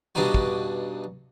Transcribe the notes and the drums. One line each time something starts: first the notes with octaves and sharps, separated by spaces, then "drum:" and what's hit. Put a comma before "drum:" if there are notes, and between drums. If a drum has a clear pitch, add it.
G2 B2 D4 D#4 F#4
drum: kick